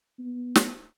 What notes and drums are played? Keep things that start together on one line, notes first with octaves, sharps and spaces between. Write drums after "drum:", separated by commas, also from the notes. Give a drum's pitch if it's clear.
B3
drum: snare